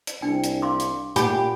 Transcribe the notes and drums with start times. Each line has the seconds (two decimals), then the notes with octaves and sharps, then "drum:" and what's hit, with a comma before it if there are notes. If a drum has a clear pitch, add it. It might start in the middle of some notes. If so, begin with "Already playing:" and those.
0.07 drum: hi-hat
0.22 C2 D4 G5
0.44 drum: hi-hat
0.62 F5 C6 D6
0.80 drum: hi-hat
1.16 A#2 G4 F#5 G#5 B5, drum: hi-hat